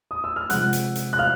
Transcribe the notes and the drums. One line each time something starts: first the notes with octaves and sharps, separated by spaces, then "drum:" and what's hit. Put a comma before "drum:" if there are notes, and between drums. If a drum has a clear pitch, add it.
D#6
E6
F6
C3 F3 G#3 F#5 F#6, drum: hi-hat
drum: hi-hat
drum: hi-hat
F#6
F5 F6